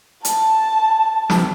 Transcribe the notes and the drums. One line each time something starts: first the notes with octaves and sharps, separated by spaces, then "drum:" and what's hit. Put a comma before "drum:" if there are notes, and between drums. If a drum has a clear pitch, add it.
A5, drum: hi-hat
drum: snare